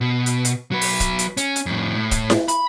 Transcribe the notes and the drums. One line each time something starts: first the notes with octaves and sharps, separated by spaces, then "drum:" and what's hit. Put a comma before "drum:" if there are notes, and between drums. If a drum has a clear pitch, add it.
B2
drum: hi-hat
drum: hi-hat
F#3 B4
drum: open hi-hat
drum: kick, hi-hat
drum: hi-hat
C#4, drum: hi-hat
drum: hi-hat
F2 A2
A2
drum: kick, hi-hat
drum: snare E4
B5, drum: hi-hat